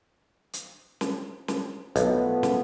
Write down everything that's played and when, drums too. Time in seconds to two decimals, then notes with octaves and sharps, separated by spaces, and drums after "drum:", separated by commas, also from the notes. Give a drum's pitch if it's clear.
0.53 drum: hi-hat
1.01 drum: snare
1.48 drum: snare
1.96 B1 F3 A3 B3, drum: hi-hat
2.43 drum: snare